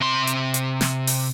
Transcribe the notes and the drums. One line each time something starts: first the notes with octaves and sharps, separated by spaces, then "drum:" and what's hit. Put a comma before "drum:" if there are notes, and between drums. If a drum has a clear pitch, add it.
C3 C6
drum: hi-hat
drum: hi-hat
drum: snare
drum: open hi-hat